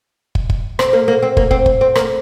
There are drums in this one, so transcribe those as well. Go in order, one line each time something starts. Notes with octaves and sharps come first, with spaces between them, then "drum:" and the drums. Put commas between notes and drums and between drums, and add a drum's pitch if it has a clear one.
drum: kick
drum: kick
C4, drum: rim click
A#3
A#3
C4
A#3, drum: kick
C4, drum: kick
drum: kick
C4
A#3, drum: rim click